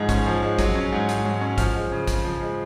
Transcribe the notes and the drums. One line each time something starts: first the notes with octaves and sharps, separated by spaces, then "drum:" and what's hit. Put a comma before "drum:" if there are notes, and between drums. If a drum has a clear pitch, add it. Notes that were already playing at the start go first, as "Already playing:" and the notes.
Already playing: G#2 F3 G#3
C#4, drum: kick, hi-hat
F3
G#3
F#3, drum: kick, hi-hat
C#4
G#2
G#2, drum: hi-hat
F#3
C#4
F3 F6, drum: kick, hi-hat
G#3
C#3
C#3, drum: kick, hi-hat
F3
G#3